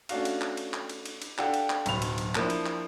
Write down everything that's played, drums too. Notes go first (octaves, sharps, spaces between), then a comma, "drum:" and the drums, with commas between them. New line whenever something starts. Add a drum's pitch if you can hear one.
A3 C#4 D4 F#4 F5, drum: cymbal
drum: cymbal
drum: clap
drum: cymbal
drum: clap
drum: cymbal
drum: cymbal
drum: cymbal
D4 G4 A4 F5 F#5, drum: clap
drum: cymbal
drum: clap
D1 B1 B5 F7, drum: cymbal
drum: cymbal
drum: cymbal
F3 A#3 D4 E4, drum: clap
drum: cymbal
drum: clap